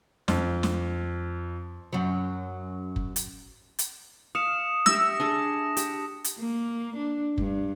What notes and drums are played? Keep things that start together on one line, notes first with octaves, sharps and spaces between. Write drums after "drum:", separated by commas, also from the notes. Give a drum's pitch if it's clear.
F2, drum: snare
drum: snare
F#2 F#3
drum: kick
drum: hi-hat
drum: hi-hat
F5 D#6 C#7 E7
G4 E5 E6 A#6, drum: snare
D4 G#4 A4
G4, drum: hi-hat
drum: hi-hat
A#3
D4
G2, drum: kick